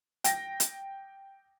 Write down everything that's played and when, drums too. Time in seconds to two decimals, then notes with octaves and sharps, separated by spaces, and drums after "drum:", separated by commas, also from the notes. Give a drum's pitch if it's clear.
0.24 G5 A#6, drum: hi-hat
0.60 drum: hi-hat